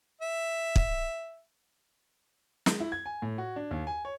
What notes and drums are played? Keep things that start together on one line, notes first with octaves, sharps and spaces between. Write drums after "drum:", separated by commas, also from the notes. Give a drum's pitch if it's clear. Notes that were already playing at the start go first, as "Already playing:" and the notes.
E5
drum: kick
G#3, drum: snare
E4
G#6
G#5
A2
F#4
D4
D#2
G#5
C#5